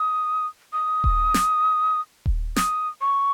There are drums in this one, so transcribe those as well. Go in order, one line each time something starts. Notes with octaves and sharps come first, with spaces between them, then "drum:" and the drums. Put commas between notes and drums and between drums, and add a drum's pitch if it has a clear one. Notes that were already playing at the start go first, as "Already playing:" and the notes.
Already playing: D#6
D#6
drum: kick D#1
drum: snare
drum: kick D#1
D#6, drum: snare
C#6